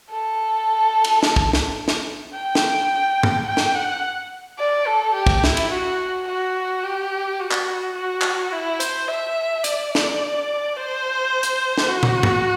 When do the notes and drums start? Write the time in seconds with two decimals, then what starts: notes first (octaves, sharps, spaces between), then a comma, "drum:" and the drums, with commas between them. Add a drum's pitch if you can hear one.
0.10 A4
1.04 drum: cymbal
1.23 drum: snare
1.36 drum: kick
1.53 drum: snare
1.88 drum: snare
2.34 G5
2.55 drum: snare
3.23 drum: tom G2
3.47 G5
3.57 drum: snare
3.75 F#5
4.59 D5
4.87 A4
5.15 G4
5.27 drum: kick
5.44 E4, drum: snare
5.57 drum: cymbal
5.72 F#4
6.28 F#4
6.84 G4
7.40 F#4
7.51 drum: clap
7.96 F#4
8.22 drum: clap
8.52 E4
8.80 C5, drum: hi-hat
9.08 E5
9.64 D5, drum: hi-hat
9.95 drum: snare
10.77 C5
11.43 drum: hi-hat
11.78 drum: snare
11.89 F#4
12.03 drum: tom
12.23 drum: tom G2